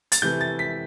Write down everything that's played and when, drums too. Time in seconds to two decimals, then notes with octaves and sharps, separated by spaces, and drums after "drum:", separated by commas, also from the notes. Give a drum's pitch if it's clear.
0.12 A6, drum: hi-hat
0.22 C3 E3 A3 G6
0.41 A6
0.59 B6